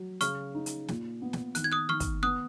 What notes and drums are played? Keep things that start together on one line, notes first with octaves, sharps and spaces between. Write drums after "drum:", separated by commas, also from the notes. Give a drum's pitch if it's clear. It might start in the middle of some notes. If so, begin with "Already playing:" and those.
Already playing: F#3
C#3 C#6 F6, drum: hi-hat
D#4
drum: hi-hat
A#2, drum: snare
B3
drum: snare
D#3 F#6, drum: hi-hat
G#6
D#6 F#6
D#3 C#6 F6
drum: kick, hi-hat
B3 D#6 F#6